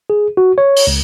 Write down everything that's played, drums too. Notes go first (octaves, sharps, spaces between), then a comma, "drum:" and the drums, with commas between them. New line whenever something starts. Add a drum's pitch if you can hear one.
G#4
F#4
C#5
drum: open hi-hat
C#2